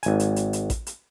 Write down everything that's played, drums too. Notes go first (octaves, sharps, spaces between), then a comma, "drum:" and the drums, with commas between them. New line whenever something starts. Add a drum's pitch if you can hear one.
G#1 G#5, drum: hi-hat
drum: hi-hat
drum: hi-hat
drum: hi-hat
drum: kick A1, hi-hat
drum: hi-hat